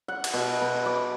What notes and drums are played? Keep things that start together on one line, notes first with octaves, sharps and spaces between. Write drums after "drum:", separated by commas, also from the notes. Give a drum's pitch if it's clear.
F#5
drum: cymbal
B2
B3
D6